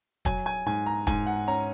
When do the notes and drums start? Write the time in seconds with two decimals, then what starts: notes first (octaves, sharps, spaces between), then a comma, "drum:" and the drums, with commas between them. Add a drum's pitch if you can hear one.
0.25 F#3 G#5, drum: kick, hi-hat
0.46 G#5
0.66 G#2 G#5
0.86 A#5
1.07 G#2 G#5, drum: kick, hi-hat
1.26 F#5
1.48 C#4 A#5